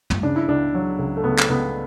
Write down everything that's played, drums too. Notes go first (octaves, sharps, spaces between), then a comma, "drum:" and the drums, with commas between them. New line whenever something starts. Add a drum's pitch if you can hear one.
drum: tom
C#3 D4
E4
C#2 D4
F#3
C#2
A3
C#2 B3
drum: clap
C#2 B3